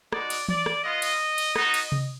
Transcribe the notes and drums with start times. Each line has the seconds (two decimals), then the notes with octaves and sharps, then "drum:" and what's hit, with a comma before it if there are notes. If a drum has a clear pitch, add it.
0.12 G#3 D#4 F#4 D5, drum: rim click
0.30 drum: cymbal
0.48 D5, drum: tom E3
0.66 drum: rim click
0.84 B3 F4 D#5
1.02 drum: cymbal
1.38 drum: cymbal
1.56 B3 D#4 F#4, drum: rim click
1.74 drum: cymbal
1.92 drum: tom C3